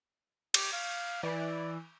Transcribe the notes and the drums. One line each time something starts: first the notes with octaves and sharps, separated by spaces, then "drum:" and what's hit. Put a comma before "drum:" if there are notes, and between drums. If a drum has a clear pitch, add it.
G4, drum: cymbal
F5
E3 D5